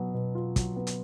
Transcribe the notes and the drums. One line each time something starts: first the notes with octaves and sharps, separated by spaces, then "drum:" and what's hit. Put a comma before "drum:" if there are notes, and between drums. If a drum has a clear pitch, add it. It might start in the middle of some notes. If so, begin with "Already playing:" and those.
Already playing: B2 F#3 B3
B2
F4
F#3, drum: kick, hi-hat
B3
drum: hi-hat